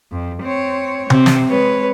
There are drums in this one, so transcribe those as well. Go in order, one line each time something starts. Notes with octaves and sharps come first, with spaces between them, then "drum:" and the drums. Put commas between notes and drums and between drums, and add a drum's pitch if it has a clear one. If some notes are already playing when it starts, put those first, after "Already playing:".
F2
C4 C#5
C3 C4, drum: tom C3
drum: snare
G#3 B4 C#5